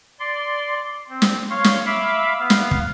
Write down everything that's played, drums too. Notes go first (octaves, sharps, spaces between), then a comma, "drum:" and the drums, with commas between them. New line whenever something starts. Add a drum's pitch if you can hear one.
D5 C6
C4
drum: snare
C#5 F5 C6 C#6
drum: snare
E5 F5 B5 D6
B3 F5
drum: snare
drum: kick